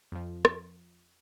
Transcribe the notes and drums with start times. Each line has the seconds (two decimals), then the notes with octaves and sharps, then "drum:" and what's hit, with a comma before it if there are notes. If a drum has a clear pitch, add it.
0.12 F2 F3
0.45 drum: rim click